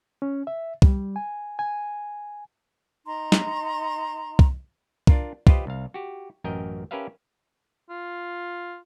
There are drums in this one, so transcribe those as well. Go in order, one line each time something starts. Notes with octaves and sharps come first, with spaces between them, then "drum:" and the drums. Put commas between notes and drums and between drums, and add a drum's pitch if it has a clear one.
C#4
E5
G3, drum: kick
G#5
G#5
D#4 A#5 C6
drum: snare
drum: kick
D4 F4 A#4, drum: kick
F4 G4 B4 C5 D#5, drum: kick
C2 F5
F#4 G4
A1 F#2 A#4 D#5 G5
C#4 G4 A#4 B4 E5 F5
F4